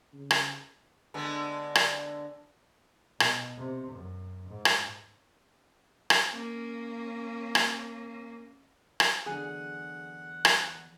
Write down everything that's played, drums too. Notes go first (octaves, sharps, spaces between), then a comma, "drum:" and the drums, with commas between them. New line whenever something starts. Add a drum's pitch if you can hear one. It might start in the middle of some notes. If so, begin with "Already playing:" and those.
C#3
drum: rim click
D3 G#3 B3
drum: rim click
B2, drum: rim click
C3
F#2
G#2
drum: rim click
drum: rim click
A#3 C#4
drum: rim click
drum: rim click
E2 D3 F#3 G#4 F#5
drum: rim click